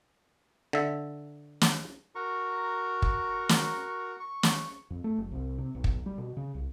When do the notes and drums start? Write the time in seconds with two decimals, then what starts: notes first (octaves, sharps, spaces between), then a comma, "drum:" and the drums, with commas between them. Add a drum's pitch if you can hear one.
0.73 D3 E5
1.61 drum: snare
2.15 F#4 A#4 A#5 C#6
3.02 drum: kick
3.49 drum: snare
4.20 C#6
4.43 drum: snare
4.90 F2
5.04 A3
5.18 F#1
5.32 C2
5.58 C3
5.75 B1
5.84 drum: kick
6.06 G3
6.18 B2
6.37 C#3
6.55 C2